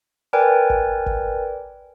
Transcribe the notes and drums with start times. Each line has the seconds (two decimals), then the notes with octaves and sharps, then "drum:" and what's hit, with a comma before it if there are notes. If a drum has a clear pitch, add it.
0.33 A#4 B4 D5 G5 G#5
0.70 drum: kick
1.06 drum: kick